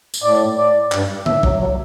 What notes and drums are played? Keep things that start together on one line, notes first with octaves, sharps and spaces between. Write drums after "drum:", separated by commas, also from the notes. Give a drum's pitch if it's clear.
drum: tambourine
A2 D5
D5
G2, drum: clap
A2 E5, drum: tom D3
F#3, drum: kick
F#3